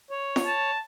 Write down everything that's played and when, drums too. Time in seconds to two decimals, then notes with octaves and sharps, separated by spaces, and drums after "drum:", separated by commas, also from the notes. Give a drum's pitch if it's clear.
0.11 C#5
0.36 drum: snare
0.46 A5